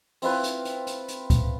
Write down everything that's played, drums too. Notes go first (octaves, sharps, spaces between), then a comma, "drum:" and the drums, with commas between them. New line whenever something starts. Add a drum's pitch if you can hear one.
C4 E4 F4 B4, drum: open hi-hat
drum: hi-hat
drum: hi-hat
drum: hi-hat
drum: hi-hat
drum: kick C#2, hi-hat